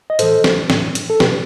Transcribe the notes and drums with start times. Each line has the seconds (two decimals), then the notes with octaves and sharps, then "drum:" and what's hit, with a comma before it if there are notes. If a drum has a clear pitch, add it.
0.10 D#5
0.19 A2 E3 A4 C5, drum: hi-hat
0.44 drum: snare
0.70 A2 E3, drum: snare
0.95 drum: hi-hat
1.10 A4
1.20 B2 G4 B4, drum: snare